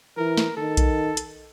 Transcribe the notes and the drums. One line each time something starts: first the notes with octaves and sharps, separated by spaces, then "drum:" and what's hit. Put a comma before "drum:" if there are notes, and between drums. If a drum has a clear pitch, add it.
E3 A#4
drum: snare
D#3 A4
drum: kick A#1, hi-hat
drum: hi-hat